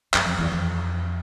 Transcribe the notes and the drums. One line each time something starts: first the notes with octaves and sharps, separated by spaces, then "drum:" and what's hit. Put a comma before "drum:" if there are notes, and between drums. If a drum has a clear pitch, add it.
F#2, drum: clap
F2
E2
F2